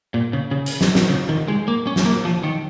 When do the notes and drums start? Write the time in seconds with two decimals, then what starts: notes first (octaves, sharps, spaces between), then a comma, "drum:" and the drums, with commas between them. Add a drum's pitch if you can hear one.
0.14 A#2
0.33 C#3
0.51 C#3
0.66 drum: hi-hat
0.81 drum: snare
0.95 drum: snare
1.09 C#3
1.29 D#3
1.48 G#3
1.68 A#3
1.87 C#4
1.96 drum: snare
2.05 A#3
2.25 F3
2.44 D#3